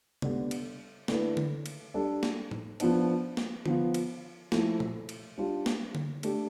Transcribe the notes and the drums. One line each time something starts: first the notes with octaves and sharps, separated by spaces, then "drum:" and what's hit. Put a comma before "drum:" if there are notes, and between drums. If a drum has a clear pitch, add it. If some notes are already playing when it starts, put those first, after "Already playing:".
D3 G3 B3, drum: tom
drum: cymbal
D3 A3 E4 B4, drum: snare
drum: tom D3
drum: cymbal
G3 D4 A4
drum: snare
drum: tom
F3 B3 D4, drum: cymbal
drum: snare
F3 B3 F4, drum: tom D3
drum: cymbal
F3 A3 E4, drum: snare
drum: tom A#2
drum: cymbal
G3 D4 F4
drum: snare
drum: tom D3
A3 D4 G4, drum: cymbal